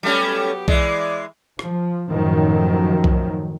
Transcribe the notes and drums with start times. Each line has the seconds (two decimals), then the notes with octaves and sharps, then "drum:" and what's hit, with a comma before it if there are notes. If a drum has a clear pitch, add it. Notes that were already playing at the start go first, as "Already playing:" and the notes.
0.03 F#3 G3 A3 B3 C#4 G4
0.68 E3 G#3 D5, drum: kick B1
1.59 F3, drum: rim click
2.09 F#2 A2 D#3 F3 F#3
3.04 drum: kick B1